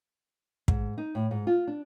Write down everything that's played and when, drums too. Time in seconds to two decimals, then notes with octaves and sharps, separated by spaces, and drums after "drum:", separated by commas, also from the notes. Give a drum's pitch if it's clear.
0.68 G#2, drum: kick
0.98 D#4
1.15 A2
1.31 G#2
1.47 F4
1.67 D4